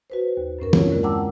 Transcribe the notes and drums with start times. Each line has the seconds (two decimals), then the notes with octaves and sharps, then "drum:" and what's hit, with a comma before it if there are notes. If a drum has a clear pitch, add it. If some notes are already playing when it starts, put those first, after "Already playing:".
0.10 F#4 B4 C5
0.37 D#2
0.59 F#2 A2 C#4 A#4
0.73 C4 E4 F4 C#5, drum: tom
0.90 D3 G#3 A#3 A#4
1.03 F#5 G5 A5 A#5 D6 E6